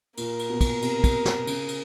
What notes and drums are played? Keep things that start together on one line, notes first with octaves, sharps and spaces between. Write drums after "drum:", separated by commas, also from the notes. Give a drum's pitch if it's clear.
A#2 A#4, drum: cymbal
drum: cymbal
B2
drum: kick, cymbal
C3, drum: cymbal
drum: kick, cymbal
drum: snare
C#3, drum: cymbal
drum: cymbal